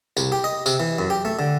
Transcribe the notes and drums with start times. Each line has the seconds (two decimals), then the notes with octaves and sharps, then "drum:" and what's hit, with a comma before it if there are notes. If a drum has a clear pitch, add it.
0.17 C2, drum: tambourine
0.32 G4
0.44 D#5
0.66 C3, drum: tambourine
0.80 E3
0.99 F#2
1.10 G4
1.25 A3
1.39 D3